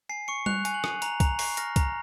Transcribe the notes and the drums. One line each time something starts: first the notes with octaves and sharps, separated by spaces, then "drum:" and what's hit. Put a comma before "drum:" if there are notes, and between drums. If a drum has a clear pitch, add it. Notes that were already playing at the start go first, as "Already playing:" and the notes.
G#5 C7
C#6 C#7
F#6 F7, drum: tom G3
G#5, drum: hi-hat
F#7
G#5, drum: rim click
A#5 F7, drum: hi-hat
A#5 F7, drum: kick C2, hi-hat
C#6 C7, drum: open hi-hat
F6 A#6, drum: hi-hat
A#5, drum: kick C2, hi-hat